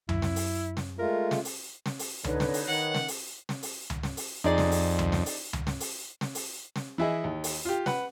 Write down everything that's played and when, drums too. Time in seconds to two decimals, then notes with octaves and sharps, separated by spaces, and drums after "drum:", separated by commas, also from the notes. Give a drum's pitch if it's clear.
0.09 F#2 E4, drum: tom C#2
0.22 drum: snare
0.36 drum: open hi-hat
0.77 drum: snare
0.99 G#3 A3 F4 A#4
1.31 drum: snare
1.45 drum: open hi-hat
1.86 drum: snare
1.99 drum: open hi-hat
2.24 D3 D#4 B4 C#5, drum: tom C#2
2.40 drum: snare
2.54 drum: open hi-hat
2.68 D#3 F#5
2.95 drum: snare
3.08 drum: open hi-hat
3.49 drum: snare
3.63 drum: open hi-hat
3.90 drum: tom C#2
4.03 drum: snare
4.17 drum: open hi-hat
4.44 F2 D#4 G#4 D5
4.58 drum: snare
4.71 drum: open hi-hat
4.99 drum: tom C#2
5.12 drum: snare
5.26 drum: open hi-hat
5.53 drum: tom C#2
5.67 drum: snare
5.80 drum: open hi-hat
6.21 drum: snare
6.35 drum: open hi-hat
6.76 drum: snare
6.98 E3 E4 G#4 D#5
7.24 D#2
7.44 drum: open hi-hat
7.65 F4 G4
7.86 B4 F#5, drum: snare